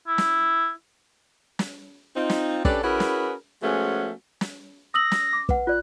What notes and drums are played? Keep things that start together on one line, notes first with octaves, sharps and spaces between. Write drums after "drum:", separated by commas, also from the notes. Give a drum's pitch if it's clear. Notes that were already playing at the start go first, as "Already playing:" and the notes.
E4
drum: snare
drum: snare
C4 D#4 F4
drum: snare
C#4 D4 G4 A4 B4 D5, drum: kick
C#4 E4 F#4 G#4 A#4 B4
drum: snare
F3 G#3 A3 B3 C#4 F#4
drum: snare
D#6 E6 A#6 F#7
drum: snare
D6
B4 F#5, drum: kick
F4 D5 F#6